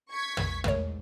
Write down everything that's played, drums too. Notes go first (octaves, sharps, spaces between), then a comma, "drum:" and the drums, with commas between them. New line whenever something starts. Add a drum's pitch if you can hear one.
C#6 G#6 B6
drum: tom
G#2 A3 A#4 C#5, drum: tom